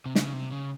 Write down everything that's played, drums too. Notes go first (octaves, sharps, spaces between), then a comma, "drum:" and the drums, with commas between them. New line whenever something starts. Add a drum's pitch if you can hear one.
C3
C#3, drum: snare
C3
C#3